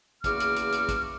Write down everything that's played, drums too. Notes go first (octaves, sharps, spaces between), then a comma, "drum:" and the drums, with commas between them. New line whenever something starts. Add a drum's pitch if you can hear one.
E2 C#3 A#3 F#4 D6 F6, drum: kick, hi-hat
drum: hi-hat
drum: hi-hat
drum: hi-hat
drum: kick, hi-hat